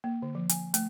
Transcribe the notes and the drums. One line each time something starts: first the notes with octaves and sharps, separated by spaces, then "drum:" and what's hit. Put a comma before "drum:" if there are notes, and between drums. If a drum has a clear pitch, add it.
A#3
D3
F3
G#5, drum: hi-hat
A3, drum: hi-hat